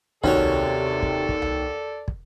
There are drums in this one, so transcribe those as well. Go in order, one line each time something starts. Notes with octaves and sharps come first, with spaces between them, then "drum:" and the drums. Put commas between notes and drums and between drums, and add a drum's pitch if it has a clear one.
D#2 C3 C#4 F#4 A4 C#5 D5, drum: kick
drum: tom C2
drum: kick
drum: kick
drum: tom C2
drum: kick